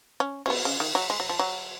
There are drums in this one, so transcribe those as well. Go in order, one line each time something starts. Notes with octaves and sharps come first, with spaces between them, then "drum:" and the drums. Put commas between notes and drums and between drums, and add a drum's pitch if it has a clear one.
C#4
C#4, drum: cymbal
B3
C#3
D#3
F#3
G#3
F#3
F3
F#3